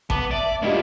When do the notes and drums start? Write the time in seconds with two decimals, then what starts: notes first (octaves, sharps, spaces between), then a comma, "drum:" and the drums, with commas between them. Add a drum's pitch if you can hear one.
0.10 B3 A5 D6, drum: kick
0.31 D5 E5
0.62 G2 G3 A#3 E4 F4 D#5